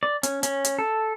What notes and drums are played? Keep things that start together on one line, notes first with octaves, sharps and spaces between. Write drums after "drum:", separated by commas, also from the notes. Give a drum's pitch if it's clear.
D5
C#4, drum: hi-hat
C#4, drum: hi-hat
drum: hi-hat
A4